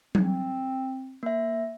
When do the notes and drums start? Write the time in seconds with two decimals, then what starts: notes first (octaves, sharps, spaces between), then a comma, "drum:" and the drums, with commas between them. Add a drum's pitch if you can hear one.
0.15 C4, drum: tom F#3
1.23 A#3 E5